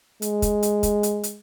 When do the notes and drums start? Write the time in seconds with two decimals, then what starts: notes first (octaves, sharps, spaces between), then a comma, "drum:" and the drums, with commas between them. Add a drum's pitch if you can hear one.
0.22 G#3, drum: hi-hat
0.42 drum: kick, hi-hat
0.63 drum: hi-hat
0.83 drum: kick, hi-hat
1.03 drum: hi-hat
1.23 drum: hi-hat